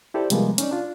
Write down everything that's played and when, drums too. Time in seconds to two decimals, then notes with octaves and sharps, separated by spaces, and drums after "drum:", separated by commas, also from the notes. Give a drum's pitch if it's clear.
0.14 E4 G4 A4 C5 D5
0.30 C3 F3 G3 G#3 A#3 B3, drum: hi-hat
0.58 C#4 D#4 D5, drum: hi-hat
0.71 D4 F4